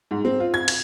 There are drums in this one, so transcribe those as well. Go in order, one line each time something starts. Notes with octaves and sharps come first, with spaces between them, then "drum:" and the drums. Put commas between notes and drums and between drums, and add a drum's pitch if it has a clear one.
G#2
C4
F4
G#6
G#6, drum: cymbal